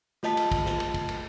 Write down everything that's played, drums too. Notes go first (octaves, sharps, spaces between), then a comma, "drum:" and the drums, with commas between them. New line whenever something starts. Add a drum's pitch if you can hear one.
A3 F4 D#5 A5 B6, drum: snare
drum: cymbal
drum: kick, cymbal
drum: snare
drum: cymbal
drum: kick, cymbal
drum: cymbal